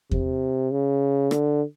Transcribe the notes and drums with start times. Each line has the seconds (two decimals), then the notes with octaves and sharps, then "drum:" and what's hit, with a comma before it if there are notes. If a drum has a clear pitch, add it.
0.11 C3, drum: kick E2
0.72 C#3
1.31 D3, drum: rim click